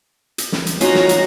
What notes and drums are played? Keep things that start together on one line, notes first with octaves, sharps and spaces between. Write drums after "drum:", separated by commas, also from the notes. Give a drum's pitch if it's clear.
drum: hi-hat
drum: snare
drum: hi-hat
C#4 D#4 F4 F#4 A#5, drum: hi-hat
drum: snare
drum: hi-hat